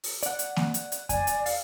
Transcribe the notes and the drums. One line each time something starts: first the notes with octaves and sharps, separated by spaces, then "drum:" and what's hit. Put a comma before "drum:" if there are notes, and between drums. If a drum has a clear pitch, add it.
drum: open hi-hat
D5 F#5, drum: hi-hat
drum: hi-hat
drum: snare A#3
drum: hi-hat
drum: hi-hat
D5 G#5, drum: kick F2, hi-hat
drum: hi-hat
F5, drum: open hi-hat